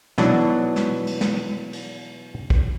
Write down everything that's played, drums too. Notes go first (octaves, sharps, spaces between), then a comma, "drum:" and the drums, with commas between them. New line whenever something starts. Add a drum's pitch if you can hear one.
B2 E3 F#3 D4 D#4, drum: snare
drum: snare
drum: cymbal
drum: snare
drum: cymbal
drum: kick